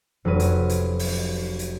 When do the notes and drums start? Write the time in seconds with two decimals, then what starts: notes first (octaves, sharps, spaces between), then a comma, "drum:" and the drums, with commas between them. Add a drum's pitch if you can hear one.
0.25 F1 F#3 C#4 B4 D#7
0.40 drum: hi-hat
0.70 drum: hi-hat
0.99 drum: open hi-hat
1.59 drum: hi-hat